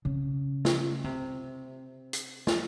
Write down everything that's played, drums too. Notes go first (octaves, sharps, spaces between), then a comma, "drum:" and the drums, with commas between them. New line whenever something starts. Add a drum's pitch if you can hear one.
C#3
drum: snare
C3
drum: hi-hat
drum: snare